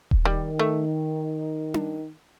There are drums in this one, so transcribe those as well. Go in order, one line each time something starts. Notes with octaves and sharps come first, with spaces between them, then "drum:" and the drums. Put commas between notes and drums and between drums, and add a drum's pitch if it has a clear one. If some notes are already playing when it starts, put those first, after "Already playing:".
drum: kick D#1
D#3 G3
A3
drum: tom D4